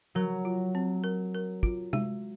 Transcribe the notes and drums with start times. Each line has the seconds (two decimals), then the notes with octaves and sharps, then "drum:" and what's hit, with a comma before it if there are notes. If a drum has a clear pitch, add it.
0.15 F#3 A#4
0.45 F4
0.75 C4
1.04 A#4
1.34 A#4
1.63 F4, drum: kick
1.93 G#3, drum: tom